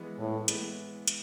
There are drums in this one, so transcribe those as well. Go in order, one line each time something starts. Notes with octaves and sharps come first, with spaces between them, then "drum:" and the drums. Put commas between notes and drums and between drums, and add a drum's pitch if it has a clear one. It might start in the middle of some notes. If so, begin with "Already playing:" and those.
Already playing: E3 G#3 B3
A2
E3 G#3 B3, drum: hi-hat
drum: hi-hat